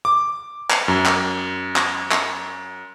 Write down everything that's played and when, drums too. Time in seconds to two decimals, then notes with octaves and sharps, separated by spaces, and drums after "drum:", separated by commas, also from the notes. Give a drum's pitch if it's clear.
0.05 D6
0.70 drum: clap
0.88 F#2
1.06 drum: clap
1.76 drum: clap
2.11 drum: clap